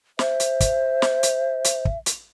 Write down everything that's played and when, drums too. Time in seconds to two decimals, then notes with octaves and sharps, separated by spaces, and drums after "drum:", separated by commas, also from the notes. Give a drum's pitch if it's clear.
0.19 C5 E5, drum: snare
0.40 drum: hi-hat
0.60 drum: kick, hi-hat
1.02 drum: snare
1.23 drum: hi-hat
1.64 drum: hi-hat
1.85 drum: kick
2.06 drum: hi-hat